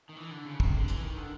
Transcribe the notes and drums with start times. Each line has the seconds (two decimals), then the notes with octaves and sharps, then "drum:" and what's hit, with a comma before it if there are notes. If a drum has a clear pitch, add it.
0.09 D#3
0.17 E3
0.31 D3
0.45 C#3
0.60 C3, drum: kick
0.74 D3
0.88 E3, drum: hi-hat
1.03 D#3
1.17 D3